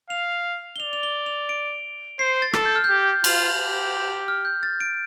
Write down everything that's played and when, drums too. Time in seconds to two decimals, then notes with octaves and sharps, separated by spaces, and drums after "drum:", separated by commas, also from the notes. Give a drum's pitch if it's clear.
0.10 F5 F7
0.76 G7
0.80 D5 F7
0.93 F7
1.03 G7
1.26 F7
1.49 D7
2.19 C5 C7
2.42 A6
2.53 A4, drum: rim click
2.65 G6
2.75 F6
2.84 G6
2.89 G4
3.24 F4, drum: cymbal
3.59 G4
4.28 F6
4.45 G6
4.63 A6
4.80 D7